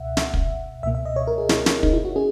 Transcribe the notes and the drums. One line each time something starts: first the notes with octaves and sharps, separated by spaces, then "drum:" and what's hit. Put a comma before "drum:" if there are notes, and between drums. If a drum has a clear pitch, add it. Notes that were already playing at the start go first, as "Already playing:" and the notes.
Already playing: C#2 B2 E5 F#5
E5, drum: snare
drum: kick
C#2 B2 A#3 E5
E5
D#5
C#5
A#4
G#4
E4, drum: snare
E4, drum: snare
D#4, drum: kick
E4
F#4
C#4 G#4